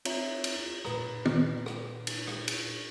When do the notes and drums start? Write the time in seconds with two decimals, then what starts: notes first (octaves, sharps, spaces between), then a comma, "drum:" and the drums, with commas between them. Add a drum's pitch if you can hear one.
0.05 C4 F4 C#5 E5 A#5, drum: cymbal
0.44 drum: cymbal
0.85 A#2 B4 A#5, drum: rim click
1.25 drum: tom
1.66 drum: rim click
2.07 drum: cymbal
2.27 drum: rim click
2.48 drum: cymbal